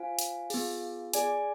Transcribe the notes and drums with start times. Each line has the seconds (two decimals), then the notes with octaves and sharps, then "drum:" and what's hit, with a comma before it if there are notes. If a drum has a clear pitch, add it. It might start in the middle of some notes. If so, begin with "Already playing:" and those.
Already playing: F4 C5 F5 G#5
0.19 drum: hi-hat
0.50 B3 F4 G#4, drum: open hi-hat
1.14 G#4 D5 G#5, drum: hi-hat